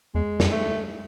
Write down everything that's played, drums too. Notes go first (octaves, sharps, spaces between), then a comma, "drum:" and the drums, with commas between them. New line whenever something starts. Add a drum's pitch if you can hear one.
E2 G#3
F#2, drum: snare
A3